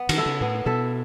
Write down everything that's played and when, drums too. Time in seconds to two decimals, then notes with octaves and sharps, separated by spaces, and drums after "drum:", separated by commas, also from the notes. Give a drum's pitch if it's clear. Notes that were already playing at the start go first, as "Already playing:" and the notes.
Already playing: B3
0.09 D#3, drum: cymbal
0.18 E4 A4 E5
0.26 C#3
0.41 A2 B3
0.65 B2 E4 A4 E5